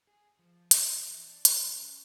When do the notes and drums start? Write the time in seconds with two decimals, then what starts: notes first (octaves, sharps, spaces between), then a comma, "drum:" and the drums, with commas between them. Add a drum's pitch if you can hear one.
0.07 G#4
0.39 F3
0.71 drum: hi-hat
0.97 E3
1.25 D4
1.45 E3, drum: hi-hat
1.75 C#4